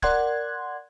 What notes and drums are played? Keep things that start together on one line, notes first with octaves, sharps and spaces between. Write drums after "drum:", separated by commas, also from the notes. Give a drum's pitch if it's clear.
A#4 D5 F#5 C6 F#6 G#6, drum: kick